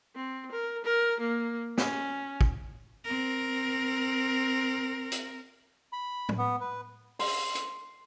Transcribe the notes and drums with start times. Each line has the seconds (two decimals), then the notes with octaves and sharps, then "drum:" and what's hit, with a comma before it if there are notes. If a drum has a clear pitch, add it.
0.15 C4
0.51 A#4
0.84 A#4
1.20 A#3
1.78 C#4, drum: snare
2.41 drum: kick
3.04 C4 A#4
5.12 drum: hi-hat
5.93 B5
6.29 drum: tom
6.38 B3
6.61 B4
7.19 C6, drum: open hi-hat
7.55 drum: hi-hat